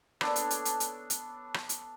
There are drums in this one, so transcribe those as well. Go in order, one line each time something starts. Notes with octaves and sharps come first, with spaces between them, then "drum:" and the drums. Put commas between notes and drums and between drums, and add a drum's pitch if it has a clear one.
B3 D4 A4 C#5, drum: rim click
drum: hi-hat
drum: hi-hat
drum: hi-hat
drum: hi-hat
drum: hi-hat
drum: rim click
drum: hi-hat